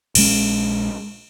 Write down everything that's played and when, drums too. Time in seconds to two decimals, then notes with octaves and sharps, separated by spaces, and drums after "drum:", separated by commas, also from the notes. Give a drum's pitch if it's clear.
0.15 A#1 A#2 G#3 C#4, drum: cymbal